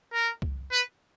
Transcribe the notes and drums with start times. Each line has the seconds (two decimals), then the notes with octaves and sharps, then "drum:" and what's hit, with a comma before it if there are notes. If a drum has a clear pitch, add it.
0.13 A#4
0.42 drum: kick C2
0.72 B4